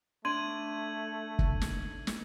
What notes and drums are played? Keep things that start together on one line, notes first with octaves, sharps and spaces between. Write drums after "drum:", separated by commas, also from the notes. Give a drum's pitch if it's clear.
A3 D4 C6 G#6 D#7 F#7
drum: kick
drum: snare
drum: snare